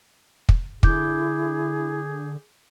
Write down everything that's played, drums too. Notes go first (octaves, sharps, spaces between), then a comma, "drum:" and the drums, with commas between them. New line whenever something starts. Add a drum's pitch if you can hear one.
drum: kick
D3 E4 G#4 D6 G6, drum: kick